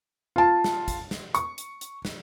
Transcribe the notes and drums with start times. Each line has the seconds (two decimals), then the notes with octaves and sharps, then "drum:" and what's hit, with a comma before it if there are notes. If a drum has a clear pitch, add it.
0.36 F4 A5
0.64 drum: snare
0.88 drum: kick, hi-hat
1.11 drum: snare
1.35 C#6, drum: hi-hat
1.58 drum: hi-hat
1.81 drum: hi-hat
2.05 drum: snare